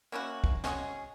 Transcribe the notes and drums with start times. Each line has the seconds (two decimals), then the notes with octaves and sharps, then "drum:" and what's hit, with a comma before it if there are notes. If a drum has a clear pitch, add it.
0.12 A#3 C#4 E4 F#4
0.44 drum: kick
0.64 G#3 C#4 F#4 G#4, drum: snare